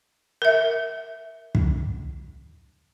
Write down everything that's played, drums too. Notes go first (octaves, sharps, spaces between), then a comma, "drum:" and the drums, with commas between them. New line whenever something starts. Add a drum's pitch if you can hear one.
A#4 E5
drum: kick